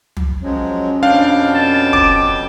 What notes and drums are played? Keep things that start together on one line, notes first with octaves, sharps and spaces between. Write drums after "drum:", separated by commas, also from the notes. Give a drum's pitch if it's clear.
drum: tom
F3 F#3 G#3 C#4
F2 B2 D4 F5 G5
A5
D6, drum: kick